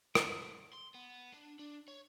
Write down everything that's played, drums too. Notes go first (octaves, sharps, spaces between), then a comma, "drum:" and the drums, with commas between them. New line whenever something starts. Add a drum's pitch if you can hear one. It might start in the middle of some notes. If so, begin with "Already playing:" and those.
A3, drum: rim click
C6
B3
D4
D4
C#5